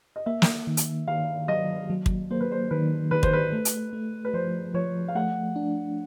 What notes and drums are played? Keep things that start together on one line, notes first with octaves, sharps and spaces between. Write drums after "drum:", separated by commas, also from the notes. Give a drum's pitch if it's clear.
D#5
A#3 E5
drum: snare
D#3
drum: hi-hat
D#3 F5
F#3 D#5
F#3
drum: kick
A#3 C5
B4
C5
D#3 B4
D#3 B4
C5, drum: kick
B4
A3
drum: hi-hat
A3
B4
F3 C5
F3 C#5
F5
A3 F#5
D4